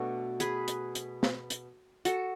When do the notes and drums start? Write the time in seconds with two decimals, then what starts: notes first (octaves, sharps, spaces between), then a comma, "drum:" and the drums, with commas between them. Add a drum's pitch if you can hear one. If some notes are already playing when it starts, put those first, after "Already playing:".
Already playing: B2 A3 D4 F#4 A4
0.40 G#4 B4, drum: hi-hat
0.68 drum: hi-hat
0.95 drum: hi-hat
1.23 drum: snare
1.50 drum: hi-hat
2.05 F#4 A4, drum: hi-hat